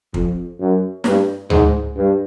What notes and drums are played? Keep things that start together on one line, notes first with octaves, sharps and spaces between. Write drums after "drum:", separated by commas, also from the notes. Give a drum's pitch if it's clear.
F2, drum: kick
F#2
G2, drum: snare
G#2, drum: tom D2
G2